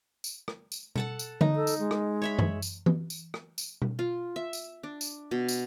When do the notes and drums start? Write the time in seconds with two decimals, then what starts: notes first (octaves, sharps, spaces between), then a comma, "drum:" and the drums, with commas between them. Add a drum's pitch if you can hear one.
0.24 drum: tambourine
0.48 drum: rim click
0.72 drum: tambourine
0.96 A4 F#5 A5, drum: tom B2
1.19 drum: tambourine
1.41 D#4, drum: tom D3
1.56 A4
1.67 drum: tambourine
1.79 G#3
1.91 drum: rim click
2.22 C#5 E5 B5
2.39 drum: tom F#2
2.62 drum: tambourine
2.86 drum: tom E3
3.10 drum: tambourine
3.34 drum: rim click
3.58 drum: tambourine
3.82 drum: tom B2
3.99 F4
4.36 E5
4.53 drum: tambourine
4.83 D4
5.01 drum: tambourine
5.31 B2
5.49 drum: tambourine